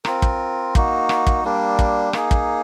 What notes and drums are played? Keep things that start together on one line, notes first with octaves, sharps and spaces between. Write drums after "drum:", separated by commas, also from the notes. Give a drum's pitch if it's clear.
C4 F4 A#4, drum: rim click
drum: kick
A#3 D#4 F#4, drum: kick
drum: rim click
drum: kick
G3 A#3 D4
drum: kick
A#3 D#4 G#4, drum: rim click
drum: kick